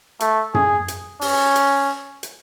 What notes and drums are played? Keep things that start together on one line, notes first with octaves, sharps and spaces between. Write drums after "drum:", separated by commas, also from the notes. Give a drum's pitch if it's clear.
A3, drum: hi-hat
G#4, drum: tom F#2
drum: hi-hat
C#4, drum: open hi-hat
drum: hi-hat
drum: hi-hat